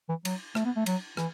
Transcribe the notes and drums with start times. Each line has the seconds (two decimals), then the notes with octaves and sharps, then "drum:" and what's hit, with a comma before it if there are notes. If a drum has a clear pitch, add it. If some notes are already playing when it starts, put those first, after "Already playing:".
0.09 E3
0.25 F#3, drum: cymbal
0.55 A3, drum: rim click
0.65 B3
0.76 A3
0.86 F#3, drum: cymbal
1.17 E3, drum: rim click